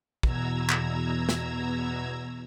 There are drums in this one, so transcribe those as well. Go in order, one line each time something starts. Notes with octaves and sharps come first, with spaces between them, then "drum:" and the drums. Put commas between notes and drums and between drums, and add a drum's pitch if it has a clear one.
E2 B2 A#5 E6 G#6, drum: kick
drum: clap
drum: snare